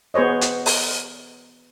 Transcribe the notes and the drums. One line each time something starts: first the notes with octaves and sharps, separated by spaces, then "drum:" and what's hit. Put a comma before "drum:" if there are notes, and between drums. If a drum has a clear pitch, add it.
B3 G#4 C5 C#5 D#5
drum: hi-hat
drum: open hi-hat